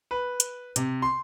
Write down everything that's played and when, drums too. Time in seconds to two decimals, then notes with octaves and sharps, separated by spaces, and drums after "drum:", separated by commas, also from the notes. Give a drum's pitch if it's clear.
0.11 B4
0.40 drum: hi-hat
0.76 C3, drum: hi-hat
1.02 C6